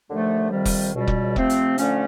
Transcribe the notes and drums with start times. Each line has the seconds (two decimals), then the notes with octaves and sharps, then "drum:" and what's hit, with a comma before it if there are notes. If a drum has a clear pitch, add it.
0.09 D#2 D3 F3 A3
0.51 F2 C3 D#3 G3
0.65 drum: kick, open hi-hat
0.94 C#2 B2 G3
1.08 drum: kick
1.36 C3 F3 A3 C4, drum: kick
1.50 drum: hi-hat
1.78 D3 F3 A3 C#4, drum: hi-hat